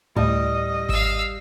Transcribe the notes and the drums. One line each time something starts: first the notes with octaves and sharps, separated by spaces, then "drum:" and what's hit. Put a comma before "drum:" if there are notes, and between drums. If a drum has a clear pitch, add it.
D2 A2 G3 D#5
F5 E6, drum: kick G#1